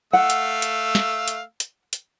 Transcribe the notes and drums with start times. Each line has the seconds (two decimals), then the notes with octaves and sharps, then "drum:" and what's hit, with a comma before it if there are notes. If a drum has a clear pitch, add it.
0.13 A3 F5 F#5 E6
0.30 drum: hi-hat
0.62 drum: hi-hat
0.95 drum: snare
1.28 drum: hi-hat
1.60 drum: hi-hat
1.93 drum: hi-hat